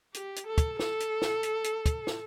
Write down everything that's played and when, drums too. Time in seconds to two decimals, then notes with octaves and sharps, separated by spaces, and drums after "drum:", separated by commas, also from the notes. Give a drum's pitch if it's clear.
0.14 G4, drum: hi-hat
0.36 drum: hi-hat
0.47 A4
0.58 drum: kick, hi-hat
0.79 A4, drum: snare
1.00 drum: hi-hat
1.22 drum: snare
1.43 drum: hi-hat
1.64 drum: hi-hat
1.86 drum: kick, hi-hat
2.07 drum: snare